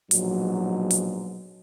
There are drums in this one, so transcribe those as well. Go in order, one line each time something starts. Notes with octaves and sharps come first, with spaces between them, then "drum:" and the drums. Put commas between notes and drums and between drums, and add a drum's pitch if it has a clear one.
A#1 G#2 B2 F#3, drum: hi-hat
drum: hi-hat